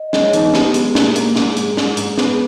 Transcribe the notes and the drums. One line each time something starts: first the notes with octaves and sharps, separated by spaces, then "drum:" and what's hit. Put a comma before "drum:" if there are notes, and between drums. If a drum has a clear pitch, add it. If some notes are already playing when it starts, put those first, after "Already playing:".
Already playing: D#5
G#3 D#5, drum: snare
C#5
E2 D#4, drum: hi-hat
B3 G4, drum: snare
G#3, drum: hi-hat
A#2, drum: snare
A#3, drum: hi-hat
G#2 G#4, drum: snare
G#3, drum: hi-hat
G#2, drum: snare
G#2, drum: hi-hat
B3 G#4, drum: snare